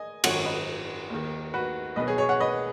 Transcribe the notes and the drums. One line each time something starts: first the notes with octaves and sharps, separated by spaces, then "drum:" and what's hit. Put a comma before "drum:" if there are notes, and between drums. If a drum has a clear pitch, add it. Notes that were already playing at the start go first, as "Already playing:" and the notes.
Already playing: D#5 G#5
G#1 F#2 D#3 C#5 F#5, drum: cymbal
B4 D#5
D#2 D#3
F#4 B4
B1 B2 B4 D#5
G#4 C#5
G#4 C#5
C#5 F#5
B4 D#5